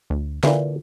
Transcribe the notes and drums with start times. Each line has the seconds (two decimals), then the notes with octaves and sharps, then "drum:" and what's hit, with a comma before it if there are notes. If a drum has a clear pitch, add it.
0.10 D2
0.43 A#2 D3 E3, drum: snare